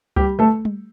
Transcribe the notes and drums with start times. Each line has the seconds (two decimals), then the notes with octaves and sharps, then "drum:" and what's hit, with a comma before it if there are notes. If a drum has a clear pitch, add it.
0.16 G3 G4, drum: kick C#2
0.39 A3 A4
0.65 drum: tom G3